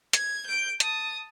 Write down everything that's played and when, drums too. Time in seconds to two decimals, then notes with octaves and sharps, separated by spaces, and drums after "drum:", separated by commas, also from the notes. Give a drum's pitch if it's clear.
0.13 G#6, drum: hi-hat
0.47 G6 D7
0.80 A5 D#6, drum: hi-hat